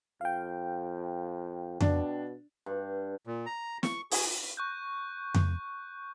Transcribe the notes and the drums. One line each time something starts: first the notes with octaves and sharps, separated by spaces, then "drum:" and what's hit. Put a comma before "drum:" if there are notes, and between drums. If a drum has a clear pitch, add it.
F2 F5 G5
B2 D4, drum: tom F2
G2
A#2
A#5
C#6, drum: snare
G#4, drum: open hi-hat
C#6 F#6 G6
drum: tom F2